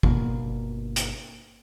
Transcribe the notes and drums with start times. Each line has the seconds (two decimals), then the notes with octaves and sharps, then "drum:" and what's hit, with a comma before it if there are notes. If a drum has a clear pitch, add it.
0.03 G1 B2 A#3, drum: kick
0.96 drum: hi-hat